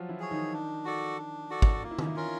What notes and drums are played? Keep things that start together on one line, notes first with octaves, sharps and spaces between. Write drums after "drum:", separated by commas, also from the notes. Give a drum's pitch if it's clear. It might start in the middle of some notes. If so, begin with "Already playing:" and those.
Already playing: F3 F#3 F4 F#4
E3 E4
G#4 C#5
D#3 D#4
D4
F#4 A4 D5
D4
F#4 A4 D5
drum: kick
A#3 F4
E4
D#4, drum: tom D#3
E3 E4
C#4 F4 A#4